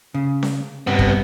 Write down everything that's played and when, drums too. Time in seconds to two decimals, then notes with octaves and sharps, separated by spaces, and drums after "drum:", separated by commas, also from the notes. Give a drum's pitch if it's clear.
0.14 C#3
0.43 drum: snare C#4
0.87 G2 C3 B3
0.99 drum: kick